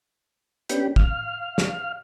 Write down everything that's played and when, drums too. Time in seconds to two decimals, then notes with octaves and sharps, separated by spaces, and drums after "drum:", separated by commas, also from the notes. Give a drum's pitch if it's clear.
0.69 B3 C#4 D4 G4 G5 B5, drum: hi-hat
0.96 F5 F6, drum: kick
1.58 drum: snare